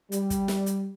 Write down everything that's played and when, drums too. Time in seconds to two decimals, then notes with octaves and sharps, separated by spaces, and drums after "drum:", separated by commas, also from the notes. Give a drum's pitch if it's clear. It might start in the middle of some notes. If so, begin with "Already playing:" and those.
0.12 G3, drum: hi-hat
0.30 drum: kick, hi-hat
0.48 drum: snare
0.66 drum: hi-hat